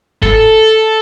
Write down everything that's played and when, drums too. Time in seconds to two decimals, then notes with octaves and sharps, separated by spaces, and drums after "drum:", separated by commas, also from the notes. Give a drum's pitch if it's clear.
0.23 A4, drum: kick F#1